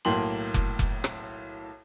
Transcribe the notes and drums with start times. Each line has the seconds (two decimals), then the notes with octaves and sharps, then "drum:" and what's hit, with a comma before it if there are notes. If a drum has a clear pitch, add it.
0.05 B1 A2 A#3 G5 C6 F#7
0.54 drum: kick F1
0.79 drum: kick F1
1.04 drum: rim click